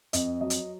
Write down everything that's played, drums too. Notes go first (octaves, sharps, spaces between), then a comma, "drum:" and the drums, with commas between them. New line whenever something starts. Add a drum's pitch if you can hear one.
F2 D#5, drum: hi-hat
F#3 D#5
drum: hi-hat